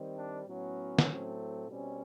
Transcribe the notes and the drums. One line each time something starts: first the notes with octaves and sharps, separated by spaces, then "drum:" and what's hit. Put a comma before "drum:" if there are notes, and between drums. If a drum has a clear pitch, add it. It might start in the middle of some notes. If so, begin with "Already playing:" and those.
Already playing: D#3 G3 C4
D4
A2 F#3 B3 C#4
drum: snare
A2 F#3 A3 C4
B2 G3 C4 C#4